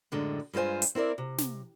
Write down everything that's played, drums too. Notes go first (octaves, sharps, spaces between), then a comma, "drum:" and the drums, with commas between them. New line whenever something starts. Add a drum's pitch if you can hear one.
F#2 A2 D3 G#3
G2 G#3 F4 C5 G#5
drum: hi-hat
C4 E4 A#4 D5
C3
drum: snare